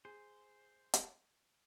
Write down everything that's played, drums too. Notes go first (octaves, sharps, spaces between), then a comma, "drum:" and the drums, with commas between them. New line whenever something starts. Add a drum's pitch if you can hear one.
G#4 C5
drum: hi-hat